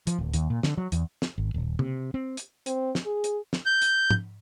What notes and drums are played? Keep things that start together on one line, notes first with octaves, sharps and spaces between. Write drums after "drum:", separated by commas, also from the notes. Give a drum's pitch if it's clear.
F3, drum: hi-hat
D1
D#2, drum: hi-hat
A#2
D3, drum: snare
F#3
E2, drum: hi-hat
drum: snare
G#1
D#1
C3, drum: tom C#3
C4
drum: hi-hat
C4, drum: hi-hat
drum: snare
G#4
drum: hi-hat
drum: snare
G6
drum: hi-hat
drum: tom